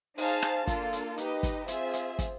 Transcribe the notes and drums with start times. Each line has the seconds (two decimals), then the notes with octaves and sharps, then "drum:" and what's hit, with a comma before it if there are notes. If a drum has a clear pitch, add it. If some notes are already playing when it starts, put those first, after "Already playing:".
0.18 D#4 G#4 C5 F5 A5, drum: open hi-hat
0.42 drum: rim click
0.67 A#3 D4 F4 A4, drum: kick, hi-hat
0.93 drum: hi-hat
1.18 D#4 G4 B4 D#5, drum: hi-hat
1.43 drum: kick, hi-hat
1.68 C4 F4 G#4 C5 E5, drum: hi-hat
1.93 drum: hi-hat
2.19 drum: kick, hi-hat